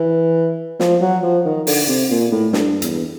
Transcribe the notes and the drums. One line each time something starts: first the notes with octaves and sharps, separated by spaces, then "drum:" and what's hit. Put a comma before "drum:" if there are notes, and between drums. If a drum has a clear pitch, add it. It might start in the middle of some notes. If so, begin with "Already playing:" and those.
Already playing: E3
F3, drum: snare
F#3
F3
D#3
D3, drum: open hi-hat
C3
A#2
A2
G2, drum: snare
E2, drum: hi-hat